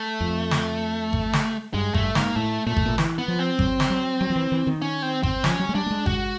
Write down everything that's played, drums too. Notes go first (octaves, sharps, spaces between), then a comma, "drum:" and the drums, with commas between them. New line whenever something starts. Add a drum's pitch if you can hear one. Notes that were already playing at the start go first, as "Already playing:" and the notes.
Already playing: A3
F2
drum: snare
drum: kick G#1
drum: snare
G2 G#3
G2 A3, drum: kick G#1
G#2 A#3, drum: snare
A2 A3
A#2 A3
A2, drum: kick G#1
A#2
E3, drum: snare
B3
F3
C4
F#3, drum: kick G#1
drum: snare
F#3
F#3
F3
E3
E3
D#3
C#4
C4
C4, drum: kick G#1
F3 C#4, drum: snare
F#3
G#3
G3 D4
A3
G#3
F#4, drum: kick G#1